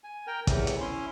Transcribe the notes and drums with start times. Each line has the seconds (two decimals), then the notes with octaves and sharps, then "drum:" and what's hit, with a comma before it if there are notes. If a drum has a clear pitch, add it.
0.04 G#5
0.27 A#4 G5
0.47 E2 A2 C3 E3, drum: kick, hi-hat
0.67 drum: hi-hat
0.81 C#4 E4 C6